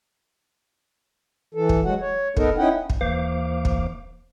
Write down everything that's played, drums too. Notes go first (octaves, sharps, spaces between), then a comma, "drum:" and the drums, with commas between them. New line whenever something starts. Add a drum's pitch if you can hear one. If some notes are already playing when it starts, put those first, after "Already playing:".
E3 A4
drum: kick
F#3 G#3 F#4 F#5
C#5
B3 D#4 A4 A#4, drum: kick
C#4 D#4 E4 F#5 G5
drum: kick
D#2 E3 A#3 C5 F5 D6
drum: kick